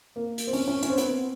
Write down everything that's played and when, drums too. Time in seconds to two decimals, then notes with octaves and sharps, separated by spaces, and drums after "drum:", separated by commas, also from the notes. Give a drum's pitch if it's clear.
0.16 A#3
0.38 drum: hi-hat
0.47 C4
0.53 C#4, drum: open hi-hat
0.68 C#4
0.83 C#4, drum: hi-hat
0.90 C4
0.98 B3, drum: hi-hat
1.05 C4